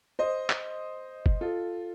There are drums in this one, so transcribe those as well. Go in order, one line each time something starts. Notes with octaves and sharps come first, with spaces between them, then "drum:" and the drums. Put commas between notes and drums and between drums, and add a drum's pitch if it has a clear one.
C5 D#5
drum: clap
drum: kick F#1
F4 A4